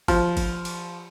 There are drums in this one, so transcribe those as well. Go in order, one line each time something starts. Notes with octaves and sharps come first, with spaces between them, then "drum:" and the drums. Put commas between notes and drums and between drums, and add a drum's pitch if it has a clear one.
F3, drum: kick F#1, cymbal
drum: kick F#1, cymbal
drum: cymbal